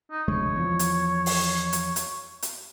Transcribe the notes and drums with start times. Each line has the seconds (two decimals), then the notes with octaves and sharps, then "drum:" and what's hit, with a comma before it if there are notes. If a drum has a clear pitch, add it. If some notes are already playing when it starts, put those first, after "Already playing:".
0.11 D#4
0.28 F1 D2 G#3 C#5
0.56 E2 F3
0.79 drum: hi-hat
1.26 drum: open hi-hat
1.73 drum: hi-hat
1.96 drum: hi-hat
2.42 drum: hi-hat